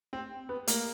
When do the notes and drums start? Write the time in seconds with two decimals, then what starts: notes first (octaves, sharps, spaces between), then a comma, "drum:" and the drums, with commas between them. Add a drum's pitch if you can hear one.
0.13 C4
0.49 B3
0.67 A#3, drum: hi-hat